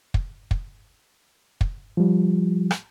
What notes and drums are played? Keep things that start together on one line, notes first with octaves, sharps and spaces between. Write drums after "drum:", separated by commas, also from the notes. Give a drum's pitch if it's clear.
drum: kick
drum: kick
drum: kick
F3 G3
drum: rim click